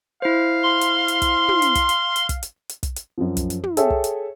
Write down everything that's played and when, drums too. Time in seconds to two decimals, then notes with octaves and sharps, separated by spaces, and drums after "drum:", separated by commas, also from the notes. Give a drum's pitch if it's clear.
0.22 E4 C5 F5
0.63 C6
0.81 drum: hi-hat
1.08 drum: hi-hat
1.22 drum: kick, hi-hat
1.49 drum: tom
1.62 drum: hi-hat
1.75 drum: kick, hi-hat
1.89 drum: hi-hat
2.16 drum: hi-hat
2.29 drum: kick, hi-hat
2.43 drum: hi-hat
2.69 drum: hi-hat
2.83 drum: kick, hi-hat
2.96 drum: hi-hat
3.18 F#2 F3
3.37 drum: kick, hi-hat
3.50 drum: hi-hat
3.63 drum: tom
3.77 G#4 A4 C#5 E5 G5, drum: hi-hat
3.90 drum: kick
4.04 drum: hi-hat